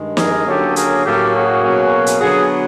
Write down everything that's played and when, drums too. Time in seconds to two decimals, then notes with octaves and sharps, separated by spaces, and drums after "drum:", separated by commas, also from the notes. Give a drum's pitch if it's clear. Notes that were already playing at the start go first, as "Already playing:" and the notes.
Already playing: G2 D#3 G#3
0.17 G#4 A#4, drum: snare
0.46 D3 F#3 A#3 C#4 G4 A4
0.76 G#4 A#4, drum: hi-hat
1.04 A2 F#3 A#3 C#4 G4 A4
1.33 F#4 G#4
1.63 B2 F#3 A#3 C#4
2.06 drum: hi-hat
2.21 D3 F#3 B3 F#4 G#4